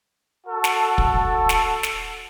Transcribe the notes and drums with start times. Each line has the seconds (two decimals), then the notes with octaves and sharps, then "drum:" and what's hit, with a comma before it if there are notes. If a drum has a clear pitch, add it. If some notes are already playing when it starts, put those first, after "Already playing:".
0.47 F#4 A4
0.64 drum: snare
0.98 drum: kick
1.49 drum: snare
1.83 drum: snare